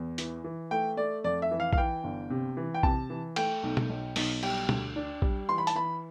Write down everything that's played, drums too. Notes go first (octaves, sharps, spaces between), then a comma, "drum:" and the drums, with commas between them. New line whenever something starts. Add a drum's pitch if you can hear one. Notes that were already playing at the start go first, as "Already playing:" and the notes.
Already playing: E2
E3, drum: hi-hat
E3
A3 G5
A3 D5
F2 D5
E5
E3
F5
F5, drum: kick A#1
E3 G5
G1
C3
E3
G5
C3 A5, drum: kick A#1
E3
A3 G5, drum: cymbal
B1
drum: tom
B1
B1, drum: open hi-hat
G3 G5, drum: cymbal
D2, drum: tom
D4
G3, drum: kick A#1
E3 C6
B5
A5, drum: hi-hat
E3 B5